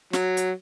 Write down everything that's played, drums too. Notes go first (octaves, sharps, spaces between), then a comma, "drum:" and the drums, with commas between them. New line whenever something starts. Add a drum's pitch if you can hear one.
F#3, drum: snare
drum: hi-hat